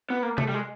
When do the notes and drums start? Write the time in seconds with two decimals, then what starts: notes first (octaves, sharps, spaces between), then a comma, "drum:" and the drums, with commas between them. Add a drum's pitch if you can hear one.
0.10 B3
0.23 A#3
0.38 A3, drum: tom C3
0.48 G3
0.54 G#3